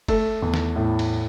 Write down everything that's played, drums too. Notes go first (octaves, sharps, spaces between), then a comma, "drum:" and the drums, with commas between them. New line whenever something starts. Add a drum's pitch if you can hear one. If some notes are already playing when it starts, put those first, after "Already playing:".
A3 A4, drum: kick F1, cymbal
E2
drum: snare
A2
drum: cymbal